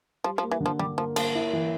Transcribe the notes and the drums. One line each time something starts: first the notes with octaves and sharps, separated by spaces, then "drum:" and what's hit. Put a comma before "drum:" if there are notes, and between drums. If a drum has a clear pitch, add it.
F3 G3
F3
A#3
E3
D3
F3
D3 G3
F3 A#3
F3 A#3, drum: cymbal
E4
E3